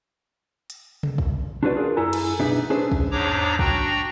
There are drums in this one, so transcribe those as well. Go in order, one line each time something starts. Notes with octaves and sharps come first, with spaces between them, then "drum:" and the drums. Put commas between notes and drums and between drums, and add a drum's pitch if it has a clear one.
drum: hi-hat
drum: tom C3
drum: kick
D4 F4 F#4 A4 B4 D5
F4 G#4 A#4
F#2 E4 A4 G#5 A#5
drum: cymbal
B1 B3 D4 D#4 G#4 E5
C#4 D4 G#4 A4 B4 C5
drum: kick
E2 G#2 D4 C#5 A#5 D6
D4 F#4 G5 A#5, drum: kick